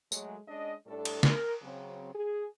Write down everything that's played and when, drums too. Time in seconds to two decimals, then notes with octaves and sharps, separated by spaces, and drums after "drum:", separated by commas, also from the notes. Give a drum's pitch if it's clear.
0.12 F#3 G#3 A3, drum: tambourine
0.47 G#3 C#4 D4 D#5
0.86 A2 G3 A3 D4 A4
1.05 drum: cymbal
1.23 A#4, drum: snare
1.62 C#3 F#3 C4
2.14 G#4